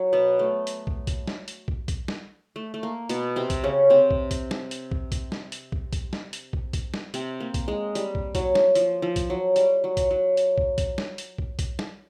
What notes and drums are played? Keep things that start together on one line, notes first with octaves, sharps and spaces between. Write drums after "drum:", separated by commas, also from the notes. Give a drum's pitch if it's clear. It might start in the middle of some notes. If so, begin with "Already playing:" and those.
Already playing: F#3
B2 B3
A3
drum: hi-hat
drum: kick
drum: kick, hi-hat
drum: snare
drum: hi-hat
drum: kick
drum: kick, hi-hat
drum: snare
A3
A3
A#3
B2 B3, drum: hi-hat
C3 C4
drum: kick, hi-hat
C#3 C#4
C3 C4
drum: kick
drum: kick, hi-hat
drum: snare
drum: hi-hat
drum: kick
drum: kick, hi-hat
drum: snare
drum: hi-hat
drum: kick
drum: kick, hi-hat
drum: snare
drum: hi-hat
drum: kick
drum: kick, hi-hat
drum: snare
C3 C4, drum: hi-hat
A#3
drum: kick, hi-hat
G#3
G3, drum: hi-hat
drum: kick
F#3, drum: kick, hi-hat
drum: snare
F3, drum: hi-hat
F3
drum: kick, hi-hat
F#3
G3, drum: hi-hat
F#3
drum: kick, hi-hat
F#3
drum: hi-hat
drum: kick
drum: kick, hi-hat
drum: snare
drum: hi-hat
drum: kick
drum: kick, hi-hat
drum: snare